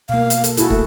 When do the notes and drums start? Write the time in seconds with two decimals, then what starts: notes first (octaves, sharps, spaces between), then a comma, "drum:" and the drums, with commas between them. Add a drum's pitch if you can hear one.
0.09 B2 A#3 F5
0.30 drum: hi-hat
0.44 A4, drum: hi-hat
0.57 E4 F#4 G#4 A4, drum: hi-hat
0.70 A3, drum: kick